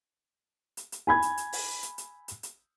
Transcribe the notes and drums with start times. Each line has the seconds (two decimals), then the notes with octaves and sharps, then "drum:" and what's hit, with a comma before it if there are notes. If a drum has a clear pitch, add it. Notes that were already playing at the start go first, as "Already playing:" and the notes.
0.77 drum: hi-hat
0.92 drum: hi-hat
1.07 G#5 B5 G#6
1.22 drum: hi-hat
1.37 drum: hi-hat
1.53 drum: open hi-hat
1.83 drum: hi-hat
1.98 drum: hi-hat
2.28 drum: hi-hat
2.43 drum: hi-hat